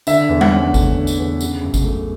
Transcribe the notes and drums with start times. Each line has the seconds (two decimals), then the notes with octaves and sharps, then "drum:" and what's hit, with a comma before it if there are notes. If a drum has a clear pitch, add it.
0.07 D3 E5, drum: tambourine
0.29 E2
0.41 F#5, drum: tom G3
0.51 C#4
0.74 A3, drum: kick G#1, tambourine
0.96 D3
1.07 drum: tambourine
1.19 E2
1.41 C#3, drum: tambourine
1.63 F#2
1.74 drum: kick G#1, tambourine
1.84 A3